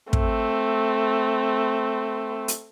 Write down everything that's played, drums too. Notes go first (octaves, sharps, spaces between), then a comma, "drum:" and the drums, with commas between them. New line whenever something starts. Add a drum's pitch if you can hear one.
A3 C4, drum: kick
drum: hi-hat